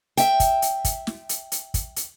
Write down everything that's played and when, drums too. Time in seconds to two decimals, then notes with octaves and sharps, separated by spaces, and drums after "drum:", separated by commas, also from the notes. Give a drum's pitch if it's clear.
0.17 E5 G5, drum: hi-hat
0.40 drum: kick, hi-hat
0.62 drum: hi-hat
0.85 drum: kick, hi-hat
1.07 drum: snare
1.29 drum: hi-hat
1.52 drum: hi-hat
1.74 drum: kick, hi-hat
1.96 drum: hi-hat